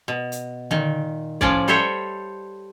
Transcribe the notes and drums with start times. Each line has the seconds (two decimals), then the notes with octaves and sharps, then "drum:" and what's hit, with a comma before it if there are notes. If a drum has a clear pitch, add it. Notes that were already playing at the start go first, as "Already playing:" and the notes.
0.08 B2
0.32 drum: hi-hat
0.71 A#2 D#3, drum: tom D3
1.41 A2 F3 C#4 D5, drum: kick C2
1.68 G3 A4 C5 C#5 E5 G5